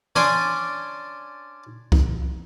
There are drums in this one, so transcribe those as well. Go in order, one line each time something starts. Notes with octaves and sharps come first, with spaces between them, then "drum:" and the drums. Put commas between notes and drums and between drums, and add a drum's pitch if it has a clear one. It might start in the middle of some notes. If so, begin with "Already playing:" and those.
C#4 D4 D5 G#5 C6, drum: tom
drum: kick C2